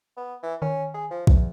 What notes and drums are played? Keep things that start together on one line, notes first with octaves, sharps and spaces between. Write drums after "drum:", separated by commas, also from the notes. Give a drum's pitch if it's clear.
B3
E3
D#3 C#4
G#4
F3
E2 F3, drum: kick